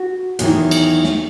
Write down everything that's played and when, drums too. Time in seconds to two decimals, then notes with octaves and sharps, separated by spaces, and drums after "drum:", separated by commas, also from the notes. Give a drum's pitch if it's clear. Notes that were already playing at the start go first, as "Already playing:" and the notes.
Already playing: F#4
0.39 E2 C3 D#3 F#3, drum: hi-hat
0.71 drum: cymbal
1.04 drum: snare